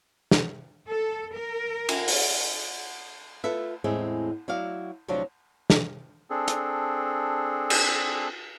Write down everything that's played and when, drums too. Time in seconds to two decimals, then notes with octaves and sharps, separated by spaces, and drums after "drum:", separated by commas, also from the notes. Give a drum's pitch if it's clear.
0.31 drum: snare
0.89 A4
1.35 A#4
1.89 drum: cymbal
2.08 drum: open hi-hat
3.44 F4 A4 B4 E5
3.84 E2 A2 G#3 C4 G#4 E5
4.48 F#3 E4 F#4 D5 F5
5.08 D2 C3 F3 F#3 D4 F4
5.70 drum: snare
6.30 C4 D4 G#4 A4
6.48 drum: hi-hat
7.70 drum: cymbal